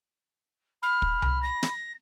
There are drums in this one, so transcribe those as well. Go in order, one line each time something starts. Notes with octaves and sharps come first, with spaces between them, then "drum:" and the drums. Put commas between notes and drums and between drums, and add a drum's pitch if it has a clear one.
B5 F6
drum: kick
drum: tom C2
A#6
drum: snare